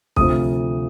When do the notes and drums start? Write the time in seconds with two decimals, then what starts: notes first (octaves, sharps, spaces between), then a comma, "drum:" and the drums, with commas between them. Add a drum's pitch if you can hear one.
0.16 D2 C3 F3 D#6, drum: kick